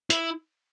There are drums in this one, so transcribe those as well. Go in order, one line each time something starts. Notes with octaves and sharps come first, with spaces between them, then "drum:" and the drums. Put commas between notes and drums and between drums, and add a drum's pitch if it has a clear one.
E4, drum: hi-hat